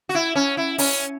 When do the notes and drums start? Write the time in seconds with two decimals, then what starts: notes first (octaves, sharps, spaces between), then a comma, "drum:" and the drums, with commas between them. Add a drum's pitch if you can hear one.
0.09 F#4
0.15 E4
0.35 C#4
0.57 E4
0.78 C#4, drum: open hi-hat